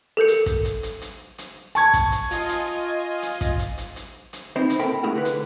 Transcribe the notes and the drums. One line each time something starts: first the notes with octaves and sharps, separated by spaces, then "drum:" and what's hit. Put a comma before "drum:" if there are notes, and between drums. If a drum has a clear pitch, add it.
A4 A#4 G6 C#7
drum: hi-hat
drum: kick, hi-hat
drum: hi-hat
drum: hi-hat
drum: hi-hat
drum: hi-hat
A5 C#6 G#6, drum: hi-hat
drum: kick, hi-hat
drum: hi-hat
F4 D#5 G#5, drum: hi-hat
drum: hi-hat
drum: hi-hat
drum: kick, hi-hat
drum: hi-hat
drum: hi-hat
drum: hi-hat
drum: hi-hat
C4 D#4 E4 C5
drum: hi-hat
A#2 A4 A#4 G5 B5
A3 E4 G#4 A#4 F#5
D2 D3 E4 B4
drum: hi-hat